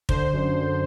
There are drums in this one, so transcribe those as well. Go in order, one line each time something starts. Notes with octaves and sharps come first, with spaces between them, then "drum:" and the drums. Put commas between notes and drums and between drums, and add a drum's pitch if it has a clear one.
D3 C5, drum: kick
F#2
F#2